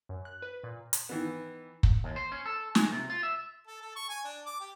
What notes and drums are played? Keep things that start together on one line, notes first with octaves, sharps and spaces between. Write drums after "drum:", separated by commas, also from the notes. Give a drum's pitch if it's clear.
F#2
F#6
B4
A#2
drum: hi-hat
D#3 E3 B3
drum: kick
D#2
C5
C#4
A4
G#3, drum: snare
C3
F4
E5
A4
A4
C#6
G#5
D4
D6
G4